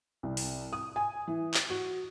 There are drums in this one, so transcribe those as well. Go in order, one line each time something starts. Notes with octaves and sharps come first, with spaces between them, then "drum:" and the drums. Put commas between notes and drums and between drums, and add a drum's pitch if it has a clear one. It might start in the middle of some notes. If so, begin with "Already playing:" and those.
C2
drum: open hi-hat
D#6
G#5
E3
drum: clap
F#4